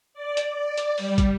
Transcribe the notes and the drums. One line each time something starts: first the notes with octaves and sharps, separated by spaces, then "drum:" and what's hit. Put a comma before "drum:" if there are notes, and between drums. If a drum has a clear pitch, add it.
D5
drum: hi-hat
D5
drum: hi-hat
G3, drum: open hi-hat
drum: kick, hi-hat